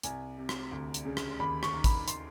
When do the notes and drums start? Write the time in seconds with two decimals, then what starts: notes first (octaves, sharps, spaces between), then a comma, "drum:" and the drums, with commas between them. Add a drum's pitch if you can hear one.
0.03 C2 G#5, drum: hi-hat
0.37 C3
0.49 drum: rim click
0.71 D2
0.94 drum: hi-hat
1.05 C#3
1.17 drum: rim click
1.39 D#2 B5
1.63 C#6, drum: rim click
1.73 D#3
1.84 B5, drum: kick A1, hi-hat
2.08 C6, drum: hi-hat